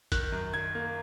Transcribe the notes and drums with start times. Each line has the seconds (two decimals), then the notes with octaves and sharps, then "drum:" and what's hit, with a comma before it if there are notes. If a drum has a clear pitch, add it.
0.12 D#3 F#6, drum: kick A1, hi-hat
0.32 F#2
0.54 D#3 G#6
0.75 A#3